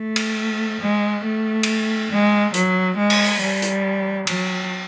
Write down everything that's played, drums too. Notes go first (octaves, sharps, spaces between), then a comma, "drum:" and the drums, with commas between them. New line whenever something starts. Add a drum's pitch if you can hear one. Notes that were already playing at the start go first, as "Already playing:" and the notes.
Already playing: A3
drum: cymbal
G#3
A3
drum: cymbal
G#3
F#3, drum: hi-hat
G#3
drum: cymbal
drum: open hi-hat
G3
drum: hi-hat
F#3, drum: cymbal